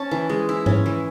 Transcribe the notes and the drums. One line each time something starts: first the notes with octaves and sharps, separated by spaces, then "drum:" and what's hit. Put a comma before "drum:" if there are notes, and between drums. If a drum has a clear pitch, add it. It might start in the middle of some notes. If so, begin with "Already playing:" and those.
Already playing: C#4 A5
E3
G#3
E4
C#4, drum: tom G#2
E3